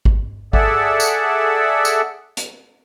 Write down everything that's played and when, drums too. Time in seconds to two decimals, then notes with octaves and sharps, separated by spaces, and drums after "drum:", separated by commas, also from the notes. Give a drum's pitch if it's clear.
0.05 drum: kick G#1
0.53 G#4 A4 D5 E5 F#5, drum: kick G#1
1.00 drum: tambourine
1.85 drum: tambourine
2.37 drum: hi-hat